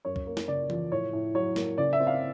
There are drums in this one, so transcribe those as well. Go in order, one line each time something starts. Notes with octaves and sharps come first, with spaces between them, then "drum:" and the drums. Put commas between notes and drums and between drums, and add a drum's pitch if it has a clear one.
F#2 C#5
drum: kick
A#3
drum: snare
C#3 D5
F3, drum: tom E3
A2 C#5
A2
F#3 C#5
A#3, drum: snare
C#3 D5
E5
C4
F5